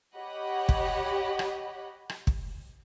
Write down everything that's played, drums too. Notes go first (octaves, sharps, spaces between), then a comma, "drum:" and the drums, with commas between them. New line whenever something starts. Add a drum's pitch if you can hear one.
G4 C#5 D#5 F#5 B5
drum: kick
drum: rim click
drum: rim click
drum: kick